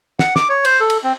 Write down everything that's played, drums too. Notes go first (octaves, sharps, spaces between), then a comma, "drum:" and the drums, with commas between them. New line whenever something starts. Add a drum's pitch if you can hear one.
F#5, drum: snare
D6, drum: snare
C#5
C5, drum: cymbal
A4
drum: cymbal
C4